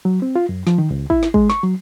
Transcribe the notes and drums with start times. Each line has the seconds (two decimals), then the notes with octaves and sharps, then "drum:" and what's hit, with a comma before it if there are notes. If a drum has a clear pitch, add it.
0.05 F#3
0.22 C4
0.36 F4
0.49 F#2
0.67 F3, drum: snare
0.78 D#3
0.91 C#2
1.10 E4, drum: kick
1.23 drum: snare
1.34 G#3, drum: kick
1.50 C#6, drum: snare
1.63 F#3